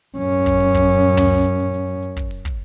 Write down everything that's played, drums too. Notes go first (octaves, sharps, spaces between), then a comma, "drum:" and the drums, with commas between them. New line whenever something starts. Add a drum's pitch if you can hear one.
F#2 C#4
drum: hi-hat
drum: kick, hi-hat
drum: open hi-hat
drum: kick, hi-hat
drum: hi-hat
drum: hi-hat
drum: tom
drum: hi-hat
drum: hi-hat
drum: hi-hat
drum: hi-hat
drum: kick, hi-hat
drum: open hi-hat
drum: kick, hi-hat